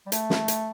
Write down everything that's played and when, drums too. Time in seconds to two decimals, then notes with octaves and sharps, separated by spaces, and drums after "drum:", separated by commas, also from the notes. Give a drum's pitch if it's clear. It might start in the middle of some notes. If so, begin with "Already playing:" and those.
0.06 G3
0.12 A3, drum: hi-hat
0.30 drum: snare
0.48 drum: hi-hat